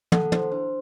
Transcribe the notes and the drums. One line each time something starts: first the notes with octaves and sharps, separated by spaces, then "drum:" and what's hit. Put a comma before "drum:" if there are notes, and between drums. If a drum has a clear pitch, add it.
A4 F#5, drum: tom
E4 C5, drum: tom
D4 C5